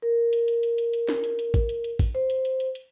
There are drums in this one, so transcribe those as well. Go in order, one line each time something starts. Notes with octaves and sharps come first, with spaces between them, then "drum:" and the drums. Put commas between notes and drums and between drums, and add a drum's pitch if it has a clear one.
A#4
drum: hi-hat
drum: hi-hat
drum: hi-hat
drum: hi-hat
drum: hi-hat
drum: snare
drum: hi-hat
drum: hi-hat
drum: kick, hi-hat
drum: hi-hat
drum: hi-hat
drum: kick, open hi-hat
C5
drum: hi-hat
drum: hi-hat
drum: hi-hat
drum: hi-hat